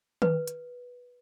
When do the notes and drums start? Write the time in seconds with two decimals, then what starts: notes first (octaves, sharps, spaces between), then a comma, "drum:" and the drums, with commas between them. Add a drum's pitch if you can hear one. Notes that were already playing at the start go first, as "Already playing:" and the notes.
0.22 B4, drum: tom D#3
0.48 drum: hi-hat